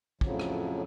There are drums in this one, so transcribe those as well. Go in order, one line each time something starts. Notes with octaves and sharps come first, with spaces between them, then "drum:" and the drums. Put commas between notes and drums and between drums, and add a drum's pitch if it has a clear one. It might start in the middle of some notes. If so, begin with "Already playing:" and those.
F2 A2 C#3 F3 F#3, drum: kick
drum: rim click